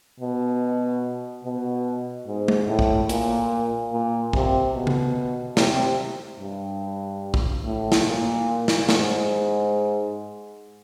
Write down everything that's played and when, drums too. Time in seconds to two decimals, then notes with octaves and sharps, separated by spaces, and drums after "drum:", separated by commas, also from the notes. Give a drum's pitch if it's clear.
0.20 B2
1.44 B2
2.27 G#2
2.48 drum: tom
2.68 A2
2.79 drum: kick
3.09 A#2, drum: hi-hat
3.92 A#2
4.33 C3, drum: kick
4.74 B2
4.87 drum: tom C#3
5.57 C3, drum: snare
6.40 G2
7.34 drum: kick
7.64 A2
7.92 drum: snare
8.06 A#2
8.68 drum: snare
8.89 G#2, drum: snare